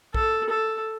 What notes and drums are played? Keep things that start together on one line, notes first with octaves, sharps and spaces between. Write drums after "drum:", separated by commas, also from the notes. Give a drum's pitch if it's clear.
A4, drum: kick A#1
A4